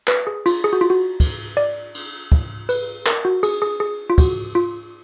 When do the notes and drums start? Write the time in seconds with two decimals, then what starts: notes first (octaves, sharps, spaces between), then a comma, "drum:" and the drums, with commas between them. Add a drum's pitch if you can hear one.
0.08 B4, drum: clap
0.27 G#4
0.46 F4, drum: cymbal
0.64 G#4
0.73 F#4
0.81 F4
0.90 F#4
1.20 drum: kick, cymbal
1.57 D5
1.94 drum: cymbal
2.32 drum: kick
2.69 B4, drum: cymbal
3.07 A#4, drum: clap
3.25 F#4
3.43 G#4, drum: cymbal
3.62 G#4
3.80 G#4
4.10 F4
4.18 F#4, drum: kick, cymbal
4.55 F4